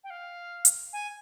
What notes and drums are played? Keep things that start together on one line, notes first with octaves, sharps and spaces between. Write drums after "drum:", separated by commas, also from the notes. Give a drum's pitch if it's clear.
G5
F5
drum: hi-hat
G#5